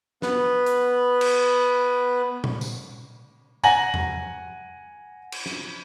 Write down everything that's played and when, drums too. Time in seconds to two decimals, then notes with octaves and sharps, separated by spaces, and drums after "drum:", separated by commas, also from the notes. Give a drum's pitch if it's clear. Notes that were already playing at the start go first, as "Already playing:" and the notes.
0.22 B3 B4, drum: snare
0.66 drum: hi-hat
1.21 drum: cymbal
2.44 drum: tom A#2
2.61 drum: tambourine
3.63 F#5 G#5 A#5 A#6 F#7, drum: tambourine
3.94 drum: tom E2
5.32 drum: cymbal
5.46 drum: snare